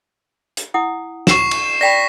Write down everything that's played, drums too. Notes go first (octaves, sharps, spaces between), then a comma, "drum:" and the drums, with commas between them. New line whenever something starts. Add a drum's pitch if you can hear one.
drum: hi-hat
E4 F#5 D#6
C#6 C7 E7, drum: snare
drum: cymbal
D5 G5 B5 A#6 B6